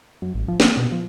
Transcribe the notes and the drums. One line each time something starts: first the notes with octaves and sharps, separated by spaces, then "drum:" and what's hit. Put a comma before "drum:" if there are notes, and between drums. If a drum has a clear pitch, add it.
F#2
A1
F3
A#3, drum: snare
B2
F3